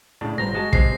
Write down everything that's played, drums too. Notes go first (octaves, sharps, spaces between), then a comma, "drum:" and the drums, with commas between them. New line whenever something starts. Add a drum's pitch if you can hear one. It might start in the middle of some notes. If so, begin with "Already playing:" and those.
A2 C#3 D4
G1 C4 A#5 A#6
G#3 F#4 A5
C3 G#3 C4 C7, drum: kick